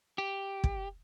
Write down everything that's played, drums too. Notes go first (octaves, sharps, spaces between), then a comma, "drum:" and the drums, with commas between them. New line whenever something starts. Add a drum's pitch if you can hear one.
G4
drum: kick